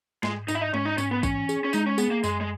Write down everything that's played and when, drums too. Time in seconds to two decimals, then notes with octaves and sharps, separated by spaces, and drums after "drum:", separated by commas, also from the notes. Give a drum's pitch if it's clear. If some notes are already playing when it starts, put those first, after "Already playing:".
0.23 G#2 G#3, drum: snare
0.48 G#2 D#4, drum: tambourine
0.55 E4
0.61 D#4
0.74 G#2 C#4, drum: tom G#3
0.85 D#4
0.98 G#2 C#4, drum: tambourine
1.11 B3
1.23 E3 C#4, drum: kick A1, tambourine
1.49 G#4, drum: tambourine
1.64 C#4
1.73 G#3 D#4, drum: tambourine
1.86 C#4
1.98 B3 G#4, drum: tambourine
2.11 A#3
2.24 F#2 G#3, drum: tambourine
2.41 G#3